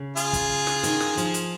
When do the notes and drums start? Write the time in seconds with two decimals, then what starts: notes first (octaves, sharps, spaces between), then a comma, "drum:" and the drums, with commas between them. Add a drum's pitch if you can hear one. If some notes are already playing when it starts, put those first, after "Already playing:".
Already playing: C#3
0.17 F4 G#4, drum: hi-hat
0.33 drum: kick, hi-hat
0.67 drum: snare
0.83 D#3, drum: hi-hat
1.00 drum: snare
1.17 F3, drum: hi-hat
1.34 drum: hi-hat